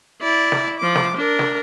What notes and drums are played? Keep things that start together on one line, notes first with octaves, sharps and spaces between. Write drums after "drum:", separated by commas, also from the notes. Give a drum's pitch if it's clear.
E4 D5
drum: snare
F3 D6
drum: snare
D4 A#4
drum: snare